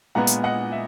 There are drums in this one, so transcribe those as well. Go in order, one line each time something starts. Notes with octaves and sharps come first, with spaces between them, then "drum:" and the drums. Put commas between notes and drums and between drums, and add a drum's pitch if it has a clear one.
A#2 G#3 B3 F#5 A#5
drum: hi-hat
D#5 F#5
E5